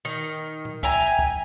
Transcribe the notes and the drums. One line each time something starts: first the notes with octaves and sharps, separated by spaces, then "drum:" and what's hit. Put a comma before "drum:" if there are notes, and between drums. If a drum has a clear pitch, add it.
D#3
drum: tom A#2
E5 G5 G#5 A#5, drum: kick
drum: kick